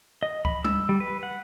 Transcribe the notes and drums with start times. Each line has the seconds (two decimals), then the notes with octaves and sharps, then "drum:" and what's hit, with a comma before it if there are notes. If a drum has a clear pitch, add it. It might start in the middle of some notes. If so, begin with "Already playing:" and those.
0.23 D#5
0.45 B5, drum: kick C#2
0.64 E6, drum: tom G3
0.89 G3
1.00 B4
1.23 F#5